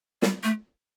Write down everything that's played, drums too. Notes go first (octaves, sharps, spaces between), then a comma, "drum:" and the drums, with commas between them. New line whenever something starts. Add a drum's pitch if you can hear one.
G3, drum: snare
A3